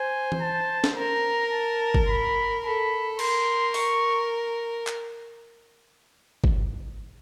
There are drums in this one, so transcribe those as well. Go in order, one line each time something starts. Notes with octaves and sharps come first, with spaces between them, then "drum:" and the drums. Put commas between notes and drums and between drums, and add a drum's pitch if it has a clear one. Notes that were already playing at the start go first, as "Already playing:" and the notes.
Already playing: C5 G#5
drum: tom E3
A5
drum: snare
A#4 A#5
A5
drum: kick G#1
B5
A4 B5
A#4 C6, drum: cymbal
C#6, drum: open hi-hat
drum: clap
drum: kick G#1